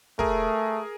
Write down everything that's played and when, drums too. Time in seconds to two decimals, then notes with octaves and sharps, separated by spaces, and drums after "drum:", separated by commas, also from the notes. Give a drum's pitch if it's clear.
0.19 A3 G#4 A#4, drum: kick